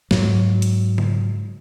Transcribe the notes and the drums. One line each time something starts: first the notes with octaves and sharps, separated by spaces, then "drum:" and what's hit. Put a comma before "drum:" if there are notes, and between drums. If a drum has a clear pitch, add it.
G#2 F#3, drum: snare
drum: hi-hat
drum: tom C#3